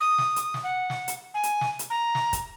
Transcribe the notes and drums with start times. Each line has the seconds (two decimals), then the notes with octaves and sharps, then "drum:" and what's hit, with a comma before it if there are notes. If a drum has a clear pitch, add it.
0.01 D#6
0.18 drum: snare
0.36 drum: hi-hat
0.54 drum: snare
0.63 F#5
0.90 drum: snare
1.08 drum: hi-hat
1.34 G#5
1.43 drum: hi-hat
1.61 drum: snare
1.79 drum: hi-hat
1.90 A#5
2.15 drum: snare
2.33 drum: kick, hi-hat